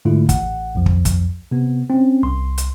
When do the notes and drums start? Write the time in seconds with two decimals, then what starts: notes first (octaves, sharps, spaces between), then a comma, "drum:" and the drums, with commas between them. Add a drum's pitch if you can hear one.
0.05 G#2 D3 A3 E4 F4
0.29 A1 F#5, drum: kick, hi-hat
0.75 B1 F2 F3
0.86 drum: kick
1.05 drum: kick, hi-hat
1.51 C3 B3
1.90 C4 C#4
2.23 C2 C6
2.58 drum: hi-hat